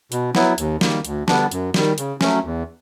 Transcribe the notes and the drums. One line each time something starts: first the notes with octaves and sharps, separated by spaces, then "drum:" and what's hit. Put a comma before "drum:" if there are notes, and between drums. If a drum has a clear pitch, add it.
B2, drum: hi-hat
F#3 B3 E4, drum: snare
D#2, drum: hi-hat
D#3 G3 A#3, drum: snare
D2, drum: hi-hat
D3 G3 B3 D4, drum: snare
F#2, drum: hi-hat
D#3 G3, drum: snare
C#3, drum: hi-hat
F#3 A3 C#4, drum: snare
E2